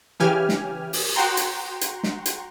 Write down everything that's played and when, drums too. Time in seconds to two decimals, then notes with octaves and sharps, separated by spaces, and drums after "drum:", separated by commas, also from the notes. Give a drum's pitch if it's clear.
0.20 C#3 E3 G4 G#5 F6
0.49 drum: snare
0.93 drum: open hi-hat
1.15 F#4 F#5 G5 A#5 C6
1.37 drum: hi-hat
1.81 drum: hi-hat
2.03 drum: snare
2.26 drum: hi-hat